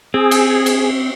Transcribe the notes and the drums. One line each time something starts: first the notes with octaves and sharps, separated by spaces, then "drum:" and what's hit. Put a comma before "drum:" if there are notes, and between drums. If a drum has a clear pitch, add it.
C4 G#4
drum: cymbal
drum: cymbal